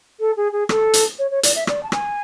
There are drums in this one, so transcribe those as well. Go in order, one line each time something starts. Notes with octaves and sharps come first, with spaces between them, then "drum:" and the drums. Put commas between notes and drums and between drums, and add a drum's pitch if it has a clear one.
A4
G#4
G#4
A4, drum: rim click
drum: hi-hat
C#5
C#5
D5, drum: hi-hat
E5
D5, drum: rim click
A5
G#5, drum: rim click